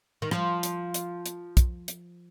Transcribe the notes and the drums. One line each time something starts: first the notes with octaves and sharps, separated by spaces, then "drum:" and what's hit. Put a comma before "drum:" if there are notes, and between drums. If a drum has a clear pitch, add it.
D#3
F3, drum: rim click
drum: hi-hat
drum: hi-hat
drum: hi-hat
drum: kick, hi-hat
drum: hi-hat